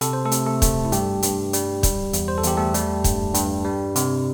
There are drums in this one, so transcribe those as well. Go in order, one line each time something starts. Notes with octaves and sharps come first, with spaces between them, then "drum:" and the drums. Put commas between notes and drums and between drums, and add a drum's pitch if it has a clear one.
C3 A4, drum: hi-hat
C5
A3 A4
C3, drum: hi-hat
A3 A4
A3, drum: kick, hi-hat
E4
G2 G3 G4, drum: hi-hat
G2, drum: hi-hat
G3, drum: hi-hat
G3, drum: kick, hi-hat
E2, drum: hi-hat
C5
A4
E2 G4, drum: hi-hat
A3 A4
G3, drum: hi-hat
G2, drum: kick, hi-hat
G2, drum: hi-hat
G3
C3, drum: hi-hat